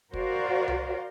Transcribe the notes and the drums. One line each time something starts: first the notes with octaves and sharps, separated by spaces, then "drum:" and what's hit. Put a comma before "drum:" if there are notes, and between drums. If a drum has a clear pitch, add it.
F#4 A#4 C5 D5 F5, drum: kick
drum: tom C2